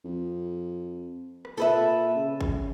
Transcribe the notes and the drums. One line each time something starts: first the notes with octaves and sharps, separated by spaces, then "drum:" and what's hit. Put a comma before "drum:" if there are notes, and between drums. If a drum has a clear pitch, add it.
F2
drum: rim click
A#2 A4 B4 E5
C#3
drum: kick G#1